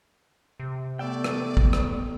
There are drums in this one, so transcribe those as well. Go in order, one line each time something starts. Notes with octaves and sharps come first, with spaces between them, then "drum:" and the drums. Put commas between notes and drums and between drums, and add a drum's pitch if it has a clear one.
C3
A3 B3 D5 E5 G5
drum: rim click
drum: kick G#1
drum: rim click